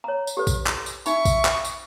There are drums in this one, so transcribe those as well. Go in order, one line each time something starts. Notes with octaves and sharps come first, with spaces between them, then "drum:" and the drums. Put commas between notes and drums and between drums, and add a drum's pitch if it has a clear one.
C#5 A#5
drum: tambourine
G4 A4 B4
drum: kick A#1, tambourine
drum: clap
drum: tambourine
D#4 E5 B5 C#6, drum: tambourine
drum: kick A#1, tambourine
drum: clap
drum: tambourine